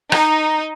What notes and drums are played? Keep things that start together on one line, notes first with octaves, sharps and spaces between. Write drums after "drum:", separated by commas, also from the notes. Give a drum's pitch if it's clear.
D#4, drum: rim click